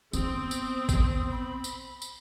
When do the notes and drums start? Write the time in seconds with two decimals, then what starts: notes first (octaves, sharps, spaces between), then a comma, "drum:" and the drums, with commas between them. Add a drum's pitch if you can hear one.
0.13 B3 C4 D#6, drum: tambourine
0.51 drum: tambourine
0.89 drum: kick A1, tambourine
1.31 B5
1.64 drum: tambourine
2.02 drum: tambourine